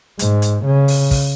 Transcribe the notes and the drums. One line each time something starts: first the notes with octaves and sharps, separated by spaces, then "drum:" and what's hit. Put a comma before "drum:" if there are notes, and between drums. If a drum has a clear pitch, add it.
G#2, drum: hi-hat
drum: hi-hat
C#3
drum: open hi-hat
drum: kick, open hi-hat